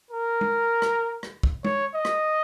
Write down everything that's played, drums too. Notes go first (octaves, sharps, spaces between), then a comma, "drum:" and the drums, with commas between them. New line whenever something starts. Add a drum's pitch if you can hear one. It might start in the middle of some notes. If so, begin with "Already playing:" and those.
A#4
drum: tom
drum: rim click
drum: rim click
drum: kick
C#5, drum: tom
D#5
drum: rim click